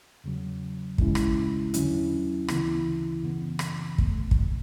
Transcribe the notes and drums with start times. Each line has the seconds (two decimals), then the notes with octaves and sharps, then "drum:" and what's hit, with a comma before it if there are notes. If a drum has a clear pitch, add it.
0.24 E2 C#3 F#3
0.98 D2 C#3 G#3 C#4 E4, drum: kick
1.15 drum: rim click
1.74 E2 D3 F#3 C#4 E4, drum: hi-hat
2.48 D2 C#3 E3 B3 E4, drum: rim click
3.23 F#2 C#3 E3 B3
3.59 drum: rim click
3.98 E2 B2 A3, drum: kick
4.31 drum: kick